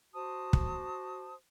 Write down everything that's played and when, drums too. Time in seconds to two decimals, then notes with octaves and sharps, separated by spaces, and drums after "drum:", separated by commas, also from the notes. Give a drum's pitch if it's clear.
0.14 F#4 C5 A5 D#6
0.53 drum: kick